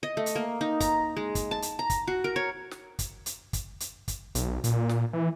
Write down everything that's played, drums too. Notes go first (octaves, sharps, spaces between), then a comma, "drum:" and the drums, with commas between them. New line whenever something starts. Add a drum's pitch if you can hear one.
D#5
A3
drum: hi-hat
A#3
D#4
A#5, drum: kick, hi-hat
G#3
drum: kick, hi-hat
A5
drum: hi-hat
A#5
drum: kick, hi-hat
F#4
A#4
C#5
drum: snare
drum: kick, hi-hat
drum: hi-hat
drum: kick, hi-hat
drum: hi-hat
drum: kick, hi-hat
B1, drum: hi-hat
A#2, drum: hi-hat
drum: snare
E3